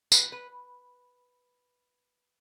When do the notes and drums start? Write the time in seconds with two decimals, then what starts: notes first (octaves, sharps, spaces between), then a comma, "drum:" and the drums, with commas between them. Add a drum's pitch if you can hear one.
0.12 B4, drum: tambourine
0.32 B4